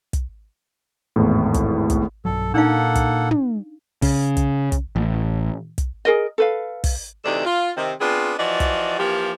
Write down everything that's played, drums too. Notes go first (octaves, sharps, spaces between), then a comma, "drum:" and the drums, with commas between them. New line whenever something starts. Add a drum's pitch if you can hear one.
drum: kick, hi-hat
G#1 E2 A2
drum: kick, hi-hat
drum: kick, hi-hat
B1 G2 F#3 A4
A#2 A#3 D4 D#4 A4 F5 F#5
drum: kick, hi-hat
drum: tom
C#3, drum: kick, open hi-hat
drum: kick, hi-hat
drum: kick, hi-hat
A1
drum: kick, hi-hat
G#4 A#4 D#5
A4 B4 F5
drum: kick, open hi-hat
D2 C3 E3 D4 D#4 A4
F4
C3 D#3 C4
B3 C4 D4 F4 G#4
E3 F3 F#4 D5 D#5
drum: kick, hi-hat
E3 F3 A#3 G4